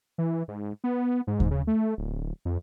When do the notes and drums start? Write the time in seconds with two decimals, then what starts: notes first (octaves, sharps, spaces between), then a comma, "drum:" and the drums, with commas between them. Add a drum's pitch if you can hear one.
0.18 E3
0.48 G#2
0.84 B3
1.27 G#2
1.40 drum: kick D#2
1.51 C#3
1.67 A3
1.98 D1
2.45 F2